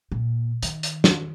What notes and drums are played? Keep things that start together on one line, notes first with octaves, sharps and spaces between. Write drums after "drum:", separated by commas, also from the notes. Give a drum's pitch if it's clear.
A#2
D#3, drum: hi-hat
drum: hi-hat
drum: snare